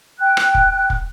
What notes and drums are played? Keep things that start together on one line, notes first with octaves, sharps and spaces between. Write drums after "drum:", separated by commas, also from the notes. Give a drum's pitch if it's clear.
G5 F#6
drum: rim click
drum: kick
drum: kick